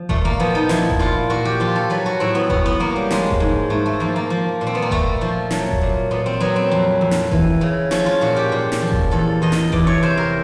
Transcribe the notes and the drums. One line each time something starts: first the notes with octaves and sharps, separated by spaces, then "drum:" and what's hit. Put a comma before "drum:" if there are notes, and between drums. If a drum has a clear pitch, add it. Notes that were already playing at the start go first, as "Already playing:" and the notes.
Already playing: F3
A#2 A3, drum: kick F1
A#3
F3 B3
D#4
F3 E4, drum: snare
drum: kick F1
A#2 F4
A#2 F#4
G4
F3 F4
A4
F#3 B4
F#4
A2 C4
B3
A2 B3, drum: kick F1
B3
F#3 A#3
G3
F3 G#3, drum: snare
drum: kick F1
G#2
G#2 A3
A3
F3 A#3
A#3
F3
A#2
C4
B3
A#3
A#2 A3, drum: kick F1
F3
F#3, drum: snare
drum: kick F1
A#2
A#2 B3
C4
F#3 B3
C4
F2
F2
drum: snare
E3, drum: kick F1
C#3
F3 C#4, drum: snare
F4
A#2 F#4
G4
A#2
drum: snare
F3
drum: kick F1
E2 A4
E2 D#5
drum: snare
E3 D5, drum: kick F1
C#5
C3 C5
A#4